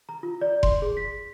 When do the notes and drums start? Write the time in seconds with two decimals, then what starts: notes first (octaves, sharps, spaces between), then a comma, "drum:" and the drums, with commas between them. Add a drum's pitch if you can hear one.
0.09 A#5
0.23 F4
0.41 D5
0.63 C6, drum: kick F1
0.82 G#4
0.97 B6